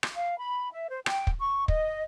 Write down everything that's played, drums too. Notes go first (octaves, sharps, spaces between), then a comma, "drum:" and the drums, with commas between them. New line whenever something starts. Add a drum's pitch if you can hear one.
drum: rim click
F5
B5
E5
C5
G5, drum: rim click
drum: kick
C#6
D#5, drum: kick